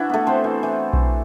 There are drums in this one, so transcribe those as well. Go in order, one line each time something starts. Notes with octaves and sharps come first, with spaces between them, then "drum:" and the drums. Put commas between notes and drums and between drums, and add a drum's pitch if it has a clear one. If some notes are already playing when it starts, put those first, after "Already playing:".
Already playing: E3 D4 E4 F#4
A3 B3 A4
B3 C4 C5
E3
E3
drum: kick B1